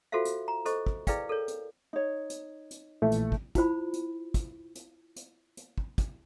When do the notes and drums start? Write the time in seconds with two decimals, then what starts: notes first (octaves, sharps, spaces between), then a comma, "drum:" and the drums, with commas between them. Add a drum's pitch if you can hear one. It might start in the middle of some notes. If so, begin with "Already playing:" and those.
0.12 F4 F#4 A4 C5 E5 F5
0.25 drum: hi-hat
0.48 A#5
0.65 A4 C5 D#5 C#6, drum: hi-hat
0.86 drum: kick
1.07 E4 G#4 B4 D5 F5 G5, drum: kick, hi-hat
1.29 A4 A#4 C#5
1.48 drum: hi-hat
1.93 D#4 C#5
2.30 drum: hi-hat
2.71 drum: hi-hat
3.02 A#1 A#2 E3 A3
3.12 drum: hi-hat
3.32 drum: kick
3.55 E4 F4 C5 B5, drum: kick, hi-hat
3.93 drum: hi-hat
4.34 drum: kick, hi-hat
4.75 drum: hi-hat
5.16 drum: hi-hat
5.57 drum: hi-hat
5.78 drum: kick
5.98 drum: kick, hi-hat